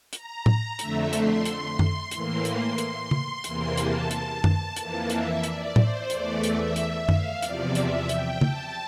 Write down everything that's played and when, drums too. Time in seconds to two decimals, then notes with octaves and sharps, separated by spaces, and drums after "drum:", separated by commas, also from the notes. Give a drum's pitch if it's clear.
0.13 A#5, drum: hi-hat
0.46 drum: tom A2
0.79 F2 D3 A3 E5, drum: hi-hat
1.13 C6, drum: hi-hat
1.45 drum: hi-hat
1.79 C6, drum: tom F#2
2.11 A2 E3 A#3 C6, drum: hi-hat
2.45 C6, drum: hi-hat
2.78 drum: hi-hat
3.11 drum: tom C#3
3.44 E2 C3 E3 A#3 C6, drum: hi-hat
3.77 A5, drum: hi-hat
4.11 drum: hi-hat
4.44 A5, drum: tom F#2
4.76 F2 E3 A#3 A5, drum: hi-hat
5.10 E5, drum: hi-hat
5.44 D5, drum: hi-hat
5.76 C5, drum: tom A2
6.10 E2 E3 A3 D5, drum: hi-hat
6.43 E5, drum: hi-hat
6.76 drum: hi-hat
7.09 F5, drum: tom F#2
7.42 E2 C3 F3 D5, drum: hi-hat
7.75 E5, drum: hi-hat
8.09 G5, drum: hi-hat
8.41 A5, drum: tom C#3